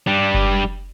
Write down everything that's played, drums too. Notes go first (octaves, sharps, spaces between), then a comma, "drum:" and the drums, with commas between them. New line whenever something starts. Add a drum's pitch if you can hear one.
G3 D4
drum: kick F#1